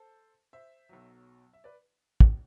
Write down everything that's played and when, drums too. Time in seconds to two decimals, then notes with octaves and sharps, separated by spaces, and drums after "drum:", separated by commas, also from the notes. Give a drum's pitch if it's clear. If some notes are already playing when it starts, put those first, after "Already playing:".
Already playing: A4 C5
0.53 C5 E5
0.89 B1 B2 F#3
1.53 E5
1.64 B4 D5
2.20 drum: kick